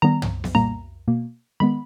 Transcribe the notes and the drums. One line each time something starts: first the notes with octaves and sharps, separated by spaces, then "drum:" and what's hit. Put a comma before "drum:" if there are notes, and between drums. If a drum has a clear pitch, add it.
D#3 G3 B3 A#5
drum: tom
drum: snare B3
A#2 G3 A#3 A#5
B2 A#3
D#3 G#3 B3 B5